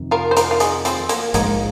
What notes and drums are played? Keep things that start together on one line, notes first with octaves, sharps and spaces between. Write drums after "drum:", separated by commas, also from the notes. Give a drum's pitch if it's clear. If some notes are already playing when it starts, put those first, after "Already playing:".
Already playing: F2 C3 D#3
F4 A#4
C5
F4 A#4, drum: hi-hat
F4
D#4 G#4, drum: hi-hat
C4 F4, drum: hi-hat
A#3, drum: hi-hat
A#1 G#2 F3 G#3 A#3 D#4, drum: hi-hat